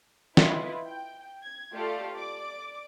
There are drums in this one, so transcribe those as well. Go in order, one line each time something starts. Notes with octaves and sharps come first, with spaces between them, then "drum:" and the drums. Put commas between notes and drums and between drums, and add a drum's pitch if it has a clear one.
E4 F4 B4 D#5, drum: snare
G5
G#6
A3 F4 G4 A4 D5 F5
D5 D6